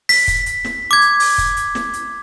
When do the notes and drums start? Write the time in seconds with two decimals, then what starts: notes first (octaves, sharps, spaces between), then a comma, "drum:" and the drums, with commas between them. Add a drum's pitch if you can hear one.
0.09 B6, drum: open hi-hat
0.28 drum: kick, hi-hat
0.46 drum: hi-hat
0.65 drum: snare
0.91 D6 G#6
1.01 drum: hi-hat
1.20 drum: open hi-hat
1.38 drum: kick, hi-hat
1.57 drum: hi-hat
1.75 drum: snare
1.93 drum: hi-hat